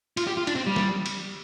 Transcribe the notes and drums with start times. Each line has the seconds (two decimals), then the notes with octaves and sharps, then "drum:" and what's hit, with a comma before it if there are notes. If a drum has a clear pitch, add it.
0.17 F4, drum: cymbal
0.27 G4
0.37 F4
0.47 D4, drum: cymbal
0.56 C4
0.67 G3
0.76 drum: snare
1.06 drum: cymbal